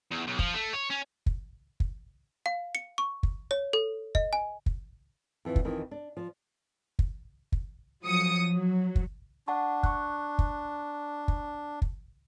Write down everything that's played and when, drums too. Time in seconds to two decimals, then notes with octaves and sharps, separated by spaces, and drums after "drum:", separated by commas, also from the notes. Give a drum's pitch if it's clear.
0.11 E2
0.28 B1
0.39 F3, drum: kick
0.55 A3
0.74 C#5
0.91 C#4
1.26 drum: kick
1.80 drum: kick
2.46 F5
2.75 C#7
2.98 C#6
3.23 drum: kick
3.51 C#5
3.73 A4
4.15 D#5, drum: kick
4.33 G#5
4.66 drum: kick
5.45 F2 E3 F3
5.56 drum: kick
5.65 F2 D#3 E3
5.91 D4
6.17 F3
6.99 drum: kick
7.52 drum: kick
8.03 F3 F#3 D#6 C#7
8.50 F#3
8.95 drum: kick
9.48 D4 F#5 A5 C#6
9.83 C#6 F#6, drum: kick
10.39 drum: kick
11.28 drum: kick
11.82 drum: kick